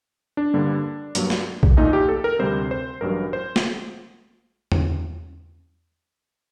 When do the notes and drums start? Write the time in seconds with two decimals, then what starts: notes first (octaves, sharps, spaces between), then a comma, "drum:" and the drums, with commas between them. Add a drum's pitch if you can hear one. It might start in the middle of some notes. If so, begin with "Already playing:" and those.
0.37 D4
0.54 G2 D3 G3 A#3
1.15 G2 F#3 A#3, drum: hi-hat
1.30 drum: snare
1.63 drum: kick A#1
1.77 A#1 A#2 A3 D#4
1.93 G4
2.09 A4
2.24 A#4
2.39 D2 C3 G3 C4 C5
2.71 C5
3.01 A1 G2 F#3 A#4
3.33 C5
3.56 drum: snare
4.72 drum: tom E2